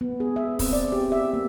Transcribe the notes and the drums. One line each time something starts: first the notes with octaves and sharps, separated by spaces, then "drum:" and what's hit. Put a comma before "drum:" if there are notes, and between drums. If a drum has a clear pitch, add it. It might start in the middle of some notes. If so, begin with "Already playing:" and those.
B3
G#4
E5
C4, drum: kick, open hi-hat
D5
G4
E5
A#3